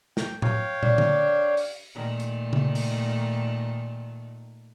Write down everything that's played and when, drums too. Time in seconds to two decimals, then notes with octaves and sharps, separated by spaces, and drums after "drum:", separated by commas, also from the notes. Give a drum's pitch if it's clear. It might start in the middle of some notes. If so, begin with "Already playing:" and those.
0.17 G5, drum: snare
0.42 C#5 F5 G5, drum: tom A2
0.83 D4, drum: tom
0.98 drum: tom D3
1.57 drum: open hi-hat
1.94 A#2 D#3 A3
2.20 drum: hi-hat
2.53 drum: tom C#3
2.75 drum: open hi-hat